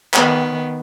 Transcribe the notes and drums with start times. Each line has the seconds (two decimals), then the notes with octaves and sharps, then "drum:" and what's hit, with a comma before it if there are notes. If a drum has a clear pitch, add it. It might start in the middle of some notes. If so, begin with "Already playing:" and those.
0.14 D#3 B3, drum: clap